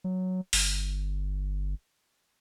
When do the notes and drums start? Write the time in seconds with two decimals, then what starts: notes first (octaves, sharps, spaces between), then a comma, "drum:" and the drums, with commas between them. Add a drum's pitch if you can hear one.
0.04 F#3
0.53 G1, drum: open hi-hat